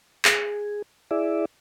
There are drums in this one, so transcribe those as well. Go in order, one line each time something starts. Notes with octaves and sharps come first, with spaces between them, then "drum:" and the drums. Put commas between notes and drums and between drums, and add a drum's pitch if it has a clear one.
G#4, drum: clap
E4 G#4 D5 E5